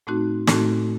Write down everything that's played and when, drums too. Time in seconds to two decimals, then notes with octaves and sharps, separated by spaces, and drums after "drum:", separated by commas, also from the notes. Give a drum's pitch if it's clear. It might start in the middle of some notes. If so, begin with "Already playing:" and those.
0.07 A2 A3 C4 D#4 F#4
0.47 A2 A3 C4 D#4 F#4, drum: snare